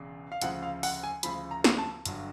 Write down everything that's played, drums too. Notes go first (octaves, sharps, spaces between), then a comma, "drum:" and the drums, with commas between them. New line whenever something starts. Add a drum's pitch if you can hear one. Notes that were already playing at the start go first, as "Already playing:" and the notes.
Already playing: E1 E2 C#3
F5
D2 C#3 F3 F#5, drum: hi-hat
F5
F#5, drum: open hi-hat
G#5
D2 C#3 F3 B5, drum: hi-hat
A#5
drum: snare
A5
G1 G2 D3 F#3, drum: hi-hat